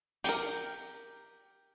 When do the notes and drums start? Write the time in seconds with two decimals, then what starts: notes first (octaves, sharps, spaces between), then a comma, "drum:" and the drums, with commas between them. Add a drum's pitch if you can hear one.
0.24 G4 A#4, drum: hi-hat